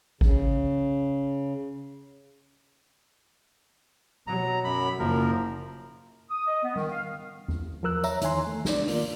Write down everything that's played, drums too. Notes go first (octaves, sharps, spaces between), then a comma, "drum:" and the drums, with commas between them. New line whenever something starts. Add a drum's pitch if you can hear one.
C#3, drum: kick G#1
B2 F#3 A#5
F#2 B5
F#1 F#2 F3 A#4
D#6
D#5
B3
D#3, drum: tom G3
F5
drum: tom E2
F3 F#3 A#4 E6 F#6
C#5 E5 A#5, drum: tambourine
E2 D#3 C#5 G#5 C6, drum: hi-hat
A3
G#3 B3 D4 D5, drum: snare
D#3 A#3 F4 A#4 D5, drum: open hi-hat